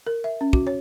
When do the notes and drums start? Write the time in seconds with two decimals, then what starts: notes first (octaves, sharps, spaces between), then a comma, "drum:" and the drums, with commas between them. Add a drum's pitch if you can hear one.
0.07 A#4
0.24 E5
0.41 C#4
0.53 F#4, drum: kick
0.67 C#5